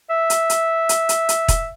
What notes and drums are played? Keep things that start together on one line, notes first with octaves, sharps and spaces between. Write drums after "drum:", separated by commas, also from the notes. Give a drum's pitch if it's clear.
E5
drum: hi-hat
drum: hi-hat
drum: hi-hat
drum: hi-hat
drum: hi-hat
drum: kick E1, hi-hat